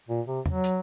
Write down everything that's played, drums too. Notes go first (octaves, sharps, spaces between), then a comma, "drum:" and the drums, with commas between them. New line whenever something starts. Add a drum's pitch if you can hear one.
A#2
C3
F#3, drum: tom E2
drum: hi-hat